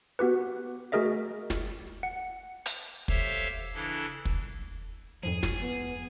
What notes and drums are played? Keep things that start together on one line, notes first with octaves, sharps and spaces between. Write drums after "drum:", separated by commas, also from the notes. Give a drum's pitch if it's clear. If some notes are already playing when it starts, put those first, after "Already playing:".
B3 F#4 G4 B4
A3 F#4 G#4 A#4 D#5 E5
drum: snare
F#5
drum: hi-hat
G4 A4 C5 C#5 E5 F5, drum: kick
C#3 E3 D4 E4 A4
drum: kick
F2 G#2 F3 G#4
drum: snare
B3